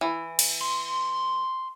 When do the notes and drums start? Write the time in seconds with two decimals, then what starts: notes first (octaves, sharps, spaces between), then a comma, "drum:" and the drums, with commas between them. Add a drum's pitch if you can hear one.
0.01 E3
0.39 drum: cymbal
0.61 C6